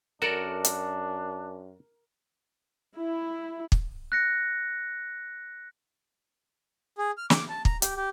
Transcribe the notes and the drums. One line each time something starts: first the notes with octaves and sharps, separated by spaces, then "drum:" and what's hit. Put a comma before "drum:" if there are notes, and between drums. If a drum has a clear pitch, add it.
F#2 D4 F#4 A4 A#4 D5
drum: hi-hat
E4
drum: kick
F#6 A#6 C#7
G#4
F6
D6, drum: snare
A5
A#5, drum: kick
G4, drum: hi-hat
G4